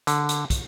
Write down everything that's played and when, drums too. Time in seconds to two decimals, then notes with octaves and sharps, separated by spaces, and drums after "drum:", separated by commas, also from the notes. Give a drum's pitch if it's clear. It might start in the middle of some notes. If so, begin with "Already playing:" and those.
0.07 D3, drum: hi-hat
0.29 drum: hi-hat
0.50 drum: kick, hi-hat